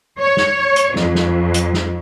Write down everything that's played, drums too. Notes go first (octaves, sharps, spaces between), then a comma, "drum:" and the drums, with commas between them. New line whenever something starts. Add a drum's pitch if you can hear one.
C#5
drum: snare
drum: hi-hat
F2, drum: snare
drum: snare
drum: hi-hat
drum: snare